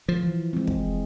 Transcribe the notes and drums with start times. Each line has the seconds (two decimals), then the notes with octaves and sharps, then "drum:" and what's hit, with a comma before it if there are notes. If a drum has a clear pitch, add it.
0.08 F3
0.23 E3
0.53 G#3 C4
0.67 drum: kick